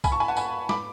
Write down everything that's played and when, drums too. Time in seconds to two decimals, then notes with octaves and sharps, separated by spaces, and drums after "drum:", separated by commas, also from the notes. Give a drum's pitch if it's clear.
0.04 G#5 B5, drum: kick B1, tambourine
0.12 A5 C#6
0.20 G#5 B5
0.28 F#5 A5
0.37 G#5 B5, drum: tambourine
0.69 B5 D6, drum: snare